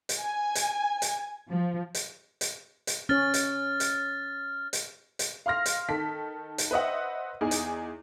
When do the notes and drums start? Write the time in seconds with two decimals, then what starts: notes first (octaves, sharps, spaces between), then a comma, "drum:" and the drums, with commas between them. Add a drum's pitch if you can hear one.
0.09 drum: hi-hat
0.20 G#5
0.55 drum: hi-hat
1.02 drum: hi-hat
1.48 F3
1.95 drum: hi-hat
2.41 drum: hi-hat
2.87 drum: hi-hat
3.09 C#4 C#5 F6 A6
3.34 drum: hi-hat
3.80 drum: hi-hat
4.73 drum: hi-hat
5.19 drum: hi-hat
5.46 F5 C6 F6 A#6
5.66 drum: hi-hat
5.88 D#3 A4 B6
6.58 drum: hi-hat
6.71 B4 C5 D#5 E5 F#5
7.41 E2 D#4 G#4 G#5
7.51 drum: hi-hat